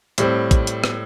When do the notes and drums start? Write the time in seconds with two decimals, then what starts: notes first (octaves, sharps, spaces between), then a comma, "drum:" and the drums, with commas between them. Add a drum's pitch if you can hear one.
0.18 A2 G3 C4, drum: hi-hat
0.51 drum: kick, hi-hat
0.67 drum: hi-hat
0.84 drum: rim click